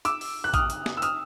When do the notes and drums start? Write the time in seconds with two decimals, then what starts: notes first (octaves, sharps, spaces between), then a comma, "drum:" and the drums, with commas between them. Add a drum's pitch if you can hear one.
0.05 D6 E6, drum: hi-hat
0.21 drum: open hi-hat
0.44 F#6
0.54 D#6 F6, drum: kick A#1, hi-hat
0.70 drum: hi-hat
0.86 drum: snare
0.97 E6
1.02 D#6 F6, drum: hi-hat